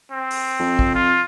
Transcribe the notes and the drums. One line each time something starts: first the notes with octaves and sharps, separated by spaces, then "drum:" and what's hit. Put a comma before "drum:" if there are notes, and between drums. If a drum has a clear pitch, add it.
C4
drum: open hi-hat
F2
drum: kick A1
F4